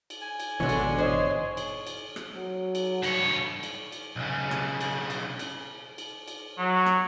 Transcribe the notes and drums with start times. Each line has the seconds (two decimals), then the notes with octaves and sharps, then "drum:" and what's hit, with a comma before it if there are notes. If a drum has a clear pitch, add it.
0.10 drum: cymbal
0.21 G#5
0.40 drum: cymbal
0.60 G#1 B2 D3 E3 G#3 C#5
0.69 drum: cymbal
0.98 C5 C#5 D#5, drum: tom
1.57 drum: cymbal
1.87 drum: cymbal
2.16 drum: rim click
2.35 F#3
2.75 drum: cymbal
3.03 G2 C#5, drum: cymbal
3.63 drum: cymbal
3.92 drum: cymbal
4.16 B1 C#3
4.51 drum: rim click
4.81 drum: cymbal
5.10 drum: cymbal
5.39 drum: cymbal
5.98 drum: cymbal
6.28 drum: cymbal
6.58 F#3
6.86 drum: rim click